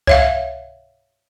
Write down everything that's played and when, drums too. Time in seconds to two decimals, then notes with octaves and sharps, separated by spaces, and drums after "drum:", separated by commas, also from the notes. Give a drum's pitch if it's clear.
0.07 C#5 E5 F5, drum: kick C2